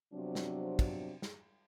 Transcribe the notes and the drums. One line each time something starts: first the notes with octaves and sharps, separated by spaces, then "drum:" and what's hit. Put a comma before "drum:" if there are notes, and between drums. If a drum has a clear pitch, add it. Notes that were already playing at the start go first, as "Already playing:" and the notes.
C3 F3 F#3 B3 C4 D4
drum: snare
drum: kick, cymbal
drum: snare